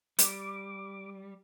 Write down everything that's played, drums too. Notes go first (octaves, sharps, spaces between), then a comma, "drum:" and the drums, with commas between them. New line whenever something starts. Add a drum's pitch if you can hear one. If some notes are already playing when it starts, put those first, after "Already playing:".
G3 D6, drum: hi-hat